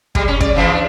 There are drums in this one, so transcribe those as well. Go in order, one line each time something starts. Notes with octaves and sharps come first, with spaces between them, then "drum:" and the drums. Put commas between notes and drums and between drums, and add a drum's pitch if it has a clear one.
G3 G#3, drum: kick
C#4
D5, drum: kick
C#3 E3 F3
D4